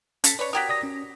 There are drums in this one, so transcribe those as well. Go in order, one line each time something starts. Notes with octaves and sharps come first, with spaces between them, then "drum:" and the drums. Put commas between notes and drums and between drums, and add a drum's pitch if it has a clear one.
C#4 A4 B6, drum: hi-hat
B4 C#5 D5
F#4 G4 A#4 D#6 G#6 B6
D5 D#6 A#6
C#4